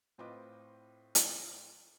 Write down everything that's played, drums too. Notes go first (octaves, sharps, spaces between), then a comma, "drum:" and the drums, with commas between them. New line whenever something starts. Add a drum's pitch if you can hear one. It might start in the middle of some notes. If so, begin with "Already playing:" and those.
A2 C4 F4 B4 D#5 D6
drum: hi-hat